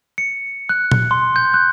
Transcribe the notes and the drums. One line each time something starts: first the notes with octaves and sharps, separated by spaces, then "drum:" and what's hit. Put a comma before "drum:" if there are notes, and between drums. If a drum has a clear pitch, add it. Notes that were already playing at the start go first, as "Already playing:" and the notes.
C#7
F#6
drum: tom A#2
C6
G6
F#6